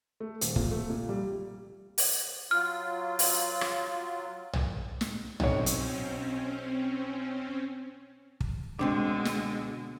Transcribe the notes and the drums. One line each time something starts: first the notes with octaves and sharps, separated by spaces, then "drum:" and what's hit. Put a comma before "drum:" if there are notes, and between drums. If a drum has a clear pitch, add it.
A3
D#1, drum: hi-hat
A#2, drum: kick
A3
A#2
G3
drum: open hi-hat
F#3 F4 F6
drum: open hi-hat
drum: rim click
drum: tom B1
drum: snare
B1 C4 C#4 C#5, drum: tom B1
drum: hi-hat
drum: kick
C#2 B2 D3 G#3 C4 D4 C6
drum: snare